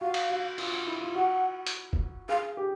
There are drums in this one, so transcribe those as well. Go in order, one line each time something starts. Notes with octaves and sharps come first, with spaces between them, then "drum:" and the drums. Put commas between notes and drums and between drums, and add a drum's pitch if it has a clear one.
F#4 F5
drum: cymbal
F#4
F4, drum: cymbal
F4
E4
F4
F#4 F#5
drum: hi-hat
drum: kick
G#4 F5
G4